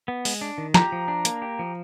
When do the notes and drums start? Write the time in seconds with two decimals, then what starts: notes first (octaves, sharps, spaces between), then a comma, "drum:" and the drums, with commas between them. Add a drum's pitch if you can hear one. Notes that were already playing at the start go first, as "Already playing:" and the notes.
0.08 B3
0.25 G#3, drum: open hi-hat
0.41 D4
0.58 D#3
0.74 G4 A#5, drum: snare
0.92 F3
1.08 D4
1.25 A#3, drum: hi-hat
1.42 G4
1.59 F3